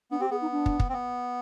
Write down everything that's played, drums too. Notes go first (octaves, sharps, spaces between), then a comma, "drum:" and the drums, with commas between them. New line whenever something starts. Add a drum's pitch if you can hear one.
B3 D4
C4 G4
B3 G#4
D#4
D4
drum: kick
drum: kick
C4
B3